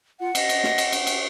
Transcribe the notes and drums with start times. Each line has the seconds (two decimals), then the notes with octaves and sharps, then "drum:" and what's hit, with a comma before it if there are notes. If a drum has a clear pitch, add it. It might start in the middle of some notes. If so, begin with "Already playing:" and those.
0.20 F4 F#5
0.35 D#5, drum: cymbal
0.49 drum: cymbal
0.64 drum: snare
0.78 drum: cymbal
0.92 drum: cymbal
1.07 drum: cymbal